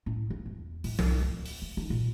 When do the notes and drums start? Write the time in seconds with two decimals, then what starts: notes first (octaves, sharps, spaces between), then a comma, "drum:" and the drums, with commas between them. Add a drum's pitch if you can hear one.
0.06 A2
0.30 A#3
0.46 E2
0.84 A2, drum: open hi-hat
0.99 C2, drum: tom F3
1.21 D1
1.46 drum: open hi-hat
1.62 A#3
1.77 D#3
1.90 A#2